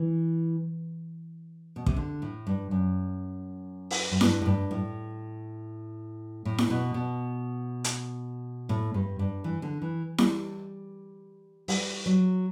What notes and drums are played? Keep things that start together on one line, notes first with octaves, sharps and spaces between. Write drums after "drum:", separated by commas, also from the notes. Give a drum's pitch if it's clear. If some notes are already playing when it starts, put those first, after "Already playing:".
Already playing: E3
B2
C3, drum: kick
D3
A2
G2
F#2
drum: open hi-hat
F#2
G2, drum: snare E4
A2
G2
A2
A2
drum: snare E4
B2
B2
drum: hi-hat
A2
G2
G2
E3
D3
E3
G3, drum: snare E4
G3, drum: open hi-hat
F#3